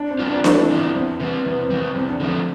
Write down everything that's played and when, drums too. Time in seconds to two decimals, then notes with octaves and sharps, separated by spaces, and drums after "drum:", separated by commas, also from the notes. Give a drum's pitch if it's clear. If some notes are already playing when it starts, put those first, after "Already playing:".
Already playing: D4
0.11 C4
0.19 G3 B3 F4
0.28 D4
0.44 E3 E4, drum: snare D4
0.56 C4
0.61 D4
0.70 G3 B3 F4
0.78 D4
0.94 E2 C4
1.20 C3 G3 B3
1.45 E2 B3
1.62 C4
1.70 C3 G3
1.78 C4
1.95 E2 C4
2.08 D4
2.20 D3 F3 A3 C4